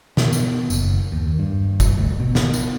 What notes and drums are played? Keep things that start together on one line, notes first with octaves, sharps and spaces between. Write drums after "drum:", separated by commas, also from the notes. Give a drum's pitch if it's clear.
B2, drum: snare
drum: tambourine
F#1, drum: tambourine
D#2
G2
drum: kick, tambourine
D2
B2
drum: snare
drum: tambourine